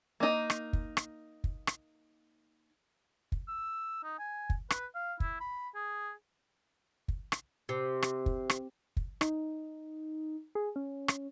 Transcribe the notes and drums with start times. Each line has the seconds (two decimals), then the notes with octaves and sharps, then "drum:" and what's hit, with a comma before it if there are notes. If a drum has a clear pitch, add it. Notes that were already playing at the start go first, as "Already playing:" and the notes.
0.20 A#3 D#4
0.50 drum: rim click
0.73 drum: kick
0.97 drum: rim click
1.44 drum: kick
1.67 drum: rim click
3.32 drum: kick
3.48 E6
4.04 D#4
4.19 G#5
4.50 drum: kick
4.70 B4, drum: rim click
4.95 F5
5.20 E4, drum: kick
5.40 B5
5.75 G#4
7.08 drum: kick
7.32 drum: rim click
7.69 C3
8.02 drum: rim click
8.26 drum: kick
8.50 drum: rim click
8.97 drum: kick
9.21 D#4, drum: rim click
10.55 G#4
10.76 C#4
11.08 drum: rim click